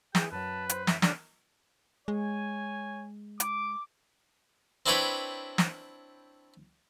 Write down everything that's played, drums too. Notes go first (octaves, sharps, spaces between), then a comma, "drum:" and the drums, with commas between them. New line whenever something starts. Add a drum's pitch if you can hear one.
E3 G#4 G5, drum: snare
F#2 F#3 B4 A5
C5, drum: hi-hat
E5, drum: snare
D3 G3 C#4 D4, drum: snare
G#3 C#5 G#5
D6, drum: hi-hat
C4 D4 E4 B4 C#5 G5
drum: snare